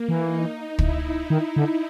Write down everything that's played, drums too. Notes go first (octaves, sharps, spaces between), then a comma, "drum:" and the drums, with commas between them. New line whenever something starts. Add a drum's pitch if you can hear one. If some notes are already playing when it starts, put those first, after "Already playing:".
Already playing: A#3
E3
D#4
E4, drum: kick
D#3
D3